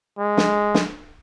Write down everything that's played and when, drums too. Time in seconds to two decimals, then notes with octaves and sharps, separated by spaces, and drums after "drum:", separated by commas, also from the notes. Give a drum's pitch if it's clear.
0.18 G#3
0.37 drum: snare
0.74 drum: snare